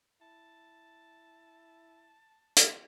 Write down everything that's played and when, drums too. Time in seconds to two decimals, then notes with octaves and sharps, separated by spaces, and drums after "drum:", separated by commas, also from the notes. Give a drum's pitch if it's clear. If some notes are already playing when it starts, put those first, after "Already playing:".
0.21 E4 A5
2.56 drum: hi-hat